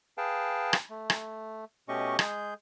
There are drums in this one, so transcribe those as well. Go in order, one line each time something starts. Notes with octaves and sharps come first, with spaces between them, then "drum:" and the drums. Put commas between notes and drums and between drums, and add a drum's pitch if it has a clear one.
G#4 B4 F5 G5 A5
drum: rim click
A3
drum: rim click
B2 A3 C#4 G4 D#5 C#6
G#3 G#4 G6, drum: rim click